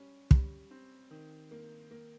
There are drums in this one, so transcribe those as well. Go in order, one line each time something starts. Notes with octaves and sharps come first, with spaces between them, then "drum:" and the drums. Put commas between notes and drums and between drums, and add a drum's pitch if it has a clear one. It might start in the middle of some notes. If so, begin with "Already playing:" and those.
Already playing: G3 C#4
G3, drum: kick
C4
D#3
A#3
A#3